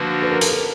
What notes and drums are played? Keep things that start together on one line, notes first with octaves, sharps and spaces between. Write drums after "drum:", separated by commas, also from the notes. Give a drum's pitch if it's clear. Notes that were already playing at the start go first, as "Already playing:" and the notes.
Already playing: D3 F3 A#3 D4 F#4 B4
B4
A#4
A4, drum: hi-hat
A#4